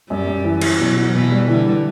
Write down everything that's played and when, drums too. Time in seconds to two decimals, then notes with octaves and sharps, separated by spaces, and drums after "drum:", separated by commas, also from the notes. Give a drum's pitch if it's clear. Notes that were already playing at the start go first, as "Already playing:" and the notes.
0.10 F#2 G3
0.27 F#2
0.44 E3
0.61 E3, drum: cymbal
0.79 B2 F#3
0.97 F#4
1.14 B2 E3
1.31 G3
1.48 D3 E3
1.66 G3